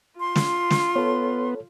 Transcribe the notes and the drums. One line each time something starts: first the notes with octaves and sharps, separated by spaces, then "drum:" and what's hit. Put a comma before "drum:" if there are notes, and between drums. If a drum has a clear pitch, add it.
F4 C6
drum: snare
drum: snare
B3 A4 C#5